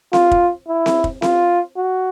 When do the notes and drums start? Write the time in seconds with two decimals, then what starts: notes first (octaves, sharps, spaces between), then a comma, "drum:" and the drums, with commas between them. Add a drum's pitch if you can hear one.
0.13 F4, drum: snare C4
0.31 drum: kick
0.68 E4
0.86 drum: snare C4
1.04 drum: kick
1.22 F4, drum: snare C4
1.76 F#4